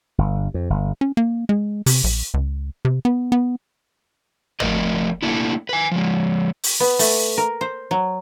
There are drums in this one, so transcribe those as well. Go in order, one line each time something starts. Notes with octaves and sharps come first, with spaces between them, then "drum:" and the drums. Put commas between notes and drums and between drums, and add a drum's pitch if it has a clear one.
G1
F2
G1
C#4
A#3
G#3
C3, drum: open hi-hat
A#1
C#2
C3
B3
B3
F3 A3 E4 A#4 D5 D#5, drum: tom
A3 A#3 D4 E4
B4 G#5
F3 G#3
drum: open hi-hat
B3
A3, drum: open hi-hat
A#4
C5
F#3